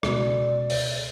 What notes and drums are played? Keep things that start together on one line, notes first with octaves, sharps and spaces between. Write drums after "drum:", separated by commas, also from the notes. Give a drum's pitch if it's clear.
C#2 B2 D5, drum: rim click
drum: open hi-hat